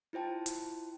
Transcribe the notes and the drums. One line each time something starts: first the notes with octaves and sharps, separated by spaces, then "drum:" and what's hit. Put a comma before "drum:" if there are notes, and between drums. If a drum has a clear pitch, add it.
E4 F4 C5 G5 A5
drum: hi-hat